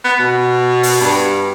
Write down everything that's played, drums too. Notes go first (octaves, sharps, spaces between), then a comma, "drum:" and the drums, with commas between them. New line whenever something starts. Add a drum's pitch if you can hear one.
B3
B2
drum: open hi-hat
G2